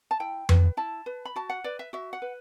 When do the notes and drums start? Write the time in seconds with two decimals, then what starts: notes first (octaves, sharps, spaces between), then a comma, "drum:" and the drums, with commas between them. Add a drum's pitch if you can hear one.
0.11 A5
0.20 E4 G5
0.49 B4, drum: tom F2
0.77 E4 A5
1.06 B4
1.25 B5
1.36 F#4 A5
1.50 F#5
1.64 B4 D5
1.79 E5
1.93 F#4 E5
2.13 F#5
2.22 B4